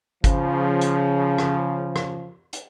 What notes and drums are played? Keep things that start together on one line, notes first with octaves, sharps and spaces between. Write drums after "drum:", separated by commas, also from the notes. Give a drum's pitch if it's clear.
C#3 F3, drum: kick G1, hi-hat
drum: hi-hat
drum: rim click
drum: rim click
drum: hi-hat